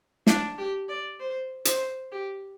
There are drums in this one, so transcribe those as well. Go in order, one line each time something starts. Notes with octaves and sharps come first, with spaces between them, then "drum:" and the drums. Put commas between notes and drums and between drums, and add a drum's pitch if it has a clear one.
D4, drum: snare
G4
D5
C5
C5, drum: hi-hat
G4